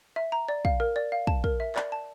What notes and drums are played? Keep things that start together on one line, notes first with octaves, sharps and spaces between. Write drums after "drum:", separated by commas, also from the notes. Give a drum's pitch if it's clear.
E5
A#5
D5
F5, drum: kick
A#4
D5
F5
A5, drum: kick
A#4, drum: kick
E5
D5, drum: clap
A5